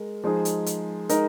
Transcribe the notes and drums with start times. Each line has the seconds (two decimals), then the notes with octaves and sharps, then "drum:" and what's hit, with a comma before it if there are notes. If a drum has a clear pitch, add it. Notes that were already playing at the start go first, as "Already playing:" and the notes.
Already playing: G#3 A#4
0.24 F3 G#3 D#4 G#4
0.45 drum: hi-hat
0.66 drum: hi-hat
1.09 G#3 D#4 A#4, drum: hi-hat